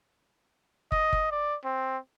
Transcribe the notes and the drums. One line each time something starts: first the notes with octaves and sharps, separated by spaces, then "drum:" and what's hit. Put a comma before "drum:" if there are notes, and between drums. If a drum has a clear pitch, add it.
D#5, drum: kick
drum: kick
D5
C4